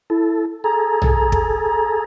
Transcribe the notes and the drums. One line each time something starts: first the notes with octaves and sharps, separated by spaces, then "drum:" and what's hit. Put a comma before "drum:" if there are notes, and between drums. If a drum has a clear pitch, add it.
E4 A4
G#4 A4 A#5
drum: tom
drum: kick